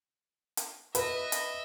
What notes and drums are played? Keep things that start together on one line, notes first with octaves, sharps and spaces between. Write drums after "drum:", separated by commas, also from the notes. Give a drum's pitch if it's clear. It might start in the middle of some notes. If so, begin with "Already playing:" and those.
drum: hi-hat
B4 D#5 E5, drum: hi-hat
drum: hi-hat